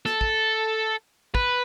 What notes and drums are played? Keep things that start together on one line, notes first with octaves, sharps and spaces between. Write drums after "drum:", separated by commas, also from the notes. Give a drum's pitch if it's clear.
A4, drum: snare
drum: kick
B4, drum: kick